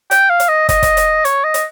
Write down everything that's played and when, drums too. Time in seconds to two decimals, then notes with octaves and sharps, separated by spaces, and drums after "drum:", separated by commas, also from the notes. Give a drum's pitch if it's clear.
0.11 G5, drum: hi-hat
0.30 F5
0.40 drum: hi-hat
0.49 D#5
0.69 D#5, drum: kick, hi-hat
0.83 drum: kick, hi-hat
0.97 drum: hi-hat
1.25 C#5, drum: hi-hat
1.44 D#5
1.54 drum: hi-hat